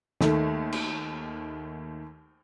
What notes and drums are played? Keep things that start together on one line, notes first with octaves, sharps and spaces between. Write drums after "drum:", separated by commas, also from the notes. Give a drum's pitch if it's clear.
D#2 D#3 A3, drum: snare
drum: cymbal